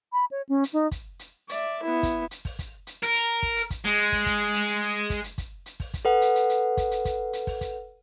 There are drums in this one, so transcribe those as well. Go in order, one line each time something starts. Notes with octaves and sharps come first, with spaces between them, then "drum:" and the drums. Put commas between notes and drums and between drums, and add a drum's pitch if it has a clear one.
B5
C#5
C#4
drum: hi-hat
D#4
drum: kick, hi-hat
drum: hi-hat
D5 E5, drum: hi-hat
B3 E4
drum: kick, hi-hat
drum: hi-hat
drum: kick, open hi-hat
drum: kick, hi-hat
drum: hi-hat
A#4, drum: hi-hat
drum: hi-hat
drum: kick
drum: hi-hat
drum: kick, hi-hat
G#3
drum: hi-hat
drum: kick, open hi-hat
drum: kick, hi-hat
drum: hi-hat
drum: hi-hat
drum: hi-hat
drum: kick, hi-hat
drum: hi-hat
drum: kick, hi-hat
drum: hi-hat
drum: kick, open hi-hat
drum: kick, hi-hat
A4 B4 F#5
drum: hi-hat
drum: hi-hat
drum: hi-hat
drum: kick, hi-hat
drum: hi-hat
drum: kick, hi-hat
drum: hi-hat
drum: kick, open hi-hat
drum: kick, hi-hat